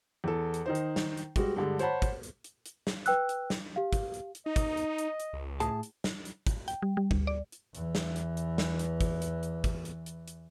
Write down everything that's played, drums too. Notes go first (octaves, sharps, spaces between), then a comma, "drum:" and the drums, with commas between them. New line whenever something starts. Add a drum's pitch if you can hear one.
E2 A4
drum: hi-hat
D#3 D#4 C5
drum: hi-hat
drum: snare
drum: hi-hat
G3 G#3 F#4, drum: kick, hi-hat
G2 D3 G#3
C5 C#5 F#5 A5 B5, drum: hi-hat
drum: kick, hi-hat
drum: hi-hat
drum: hi-hat
drum: hi-hat
drum: snare
B4 G5 E6 F#6, drum: hi-hat
drum: hi-hat
drum: snare
G4 F5
drum: kick, hi-hat
drum: hi-hat
drum: hi-hat
D#4 D#5
drum: kick, hi-hat
drum: hi-hat
drum: hi-hat
drum: hi-hat
C#2
A2 G#4 A5, drum: hi-hat
drum: hi-hat
drum: snare
drum: hi-hat
drum: kick, hi-hat
G5, drum: hi-hat
G3
G3
D2, drum: kick
D5
drum: hi-hat
E2 E3, drum: hi-hat
drum: snare
drum: hi-hat
drum: hi-hat
drum: snare
drum: hi-hat
drum: kick, hi-hat
drum: hi-hat
drum: hi-hat
drum: kick, hi-hat
drum: hi-hat
drum: hi-hat
drum: hi-hat